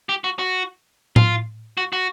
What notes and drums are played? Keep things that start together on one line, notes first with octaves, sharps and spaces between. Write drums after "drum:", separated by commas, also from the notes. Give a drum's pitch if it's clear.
G4
F#4
F#4
F4, drum: tom A2
F#4
F#4